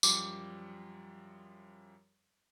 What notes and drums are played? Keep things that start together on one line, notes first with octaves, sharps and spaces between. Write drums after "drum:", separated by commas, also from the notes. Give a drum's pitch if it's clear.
F#2 F3 G3 D6, drum: tambourine